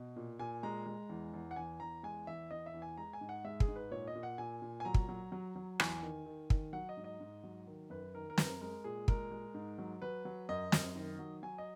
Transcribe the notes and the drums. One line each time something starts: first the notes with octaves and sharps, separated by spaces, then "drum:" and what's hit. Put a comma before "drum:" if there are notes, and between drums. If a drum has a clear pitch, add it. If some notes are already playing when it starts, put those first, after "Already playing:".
Already playing: B2
A#2
A#2 G#5
G#3 A#5
G#3
E2
E2
F#5
E2 G#5
E2 A#5
G#3 G#5
E2 E5
E2 D#5
E5
E2
G#5
G#3 A#5
G#5
G#2
F#5
G#3 E5
G#4, drum: kick
G#2
B4
A#2 C#5
D#5
A#2
F#5
A#2 G#5
A#2
G#5
F#3 A#5
drum: kick
F#3
F#3
F#3
E2 G#5, drum: rim click
D#3
D#3
D#3, drum: kick
F#3 F#5
D#5
G#2
D#5
G#2
F#3
D#3
F#2 B4
D#3 A#4
A#4
F#2 B4, drum: snare
A#4
G#3 A#4
A#2 G#4
G#3 A#4, drum: kick
G#3
G#2
F#3
F#3 B4
F#3
F#2 D#5
F#2, drum: snare
D#3
F#3
F#3 G#5
D#5